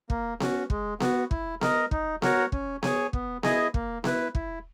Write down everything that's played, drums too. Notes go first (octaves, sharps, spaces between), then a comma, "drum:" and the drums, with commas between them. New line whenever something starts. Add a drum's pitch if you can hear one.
A#3, drum: kick
C#4 F#4, drum: snare B3
G#3, drum: kick
B3 F#4, drum: snare B3
E4, drum: kick
A#4 D#5, drum: snare B3
D#4, drum: kick
F#4 A#4 C#5 F#5, drum: snare B3
C#4, drum: kick
G#4 C#5 G#5, drum: snare B3
B3, drum: kick
E4 G#4 D#5 G#5, drum: snare B3
A#3, drum: kick
E4 B4, drum: snare B3
E4, drum: kick